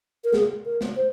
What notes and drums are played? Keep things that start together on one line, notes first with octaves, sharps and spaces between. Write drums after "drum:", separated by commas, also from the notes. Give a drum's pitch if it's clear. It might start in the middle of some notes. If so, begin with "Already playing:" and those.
A#4
G#4, drum: snare
A#4
drum: snare
C5